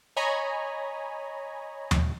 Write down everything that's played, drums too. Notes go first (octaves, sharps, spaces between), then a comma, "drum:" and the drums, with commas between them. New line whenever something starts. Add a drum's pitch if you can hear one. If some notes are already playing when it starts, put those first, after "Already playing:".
C#5 D#5 G#5 A#5 B5
drum: tom D#2